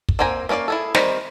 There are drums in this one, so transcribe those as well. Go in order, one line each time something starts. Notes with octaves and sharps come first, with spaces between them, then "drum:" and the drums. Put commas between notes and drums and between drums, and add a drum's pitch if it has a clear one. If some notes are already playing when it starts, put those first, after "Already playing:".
drum: kick
A#3 C4 G5 G#5 A#5
A#3 C#4 F4 D5 F5
E4 G#4 A4
D#3 G3 C4 A#4, drum: snare